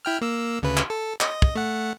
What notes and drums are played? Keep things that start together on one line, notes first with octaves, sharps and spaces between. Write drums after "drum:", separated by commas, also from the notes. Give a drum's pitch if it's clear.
E4 G5 F6
A#3 E6
D2 C#3 B4
drum: clap
A4
D#5, drum: clap
drum: kick
A3 F#5